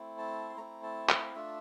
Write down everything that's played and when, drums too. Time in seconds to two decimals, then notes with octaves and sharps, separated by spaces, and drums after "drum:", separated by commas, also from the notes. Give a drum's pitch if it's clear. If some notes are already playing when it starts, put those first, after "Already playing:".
Already playing: A3 C4 E4
0.18 A5
0.49 C6
0.57 A3 C4 E4 A#5
0.83 A5
1.09 F5, drum: clap
1.35 A3 D4 F4 E5